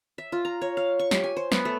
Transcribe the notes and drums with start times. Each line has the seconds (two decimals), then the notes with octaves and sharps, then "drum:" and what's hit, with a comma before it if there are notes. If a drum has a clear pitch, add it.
0.18 E5
0.32 F4
0.45 A#5
0.62 C#5
0.77 F5
0.99 C#6
1.11 G4, drum: snare
1.24 G#5
1.37 C5
1.52 B3, drum: snare
1.65 A3